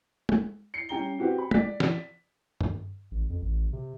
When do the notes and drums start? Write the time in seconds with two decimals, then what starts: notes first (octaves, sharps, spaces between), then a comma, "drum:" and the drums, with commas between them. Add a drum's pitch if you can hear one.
0.29 drum: tom
0.74 C7 C#7
0.89 G3 C#4 G4 G5 A#5 G7
1.19 C4 F#4 G4 B4
1.38 B5
1.51 D5 B6, drum: tom
1.80 drum: snare
2.61 drum: tom G2
3.11 A1
3.30 F2
3.42 A1
3.73 C3